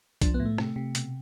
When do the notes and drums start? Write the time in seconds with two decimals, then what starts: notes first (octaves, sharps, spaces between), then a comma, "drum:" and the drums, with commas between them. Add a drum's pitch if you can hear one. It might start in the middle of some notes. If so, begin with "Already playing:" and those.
0.21 F3 D4, drum: kick, hi-hat
0.34 B3
0.40 A2
0.45 A3
0.58 C3, drum: rim click
0.76 C3
0.95 B2, drum: hi-hat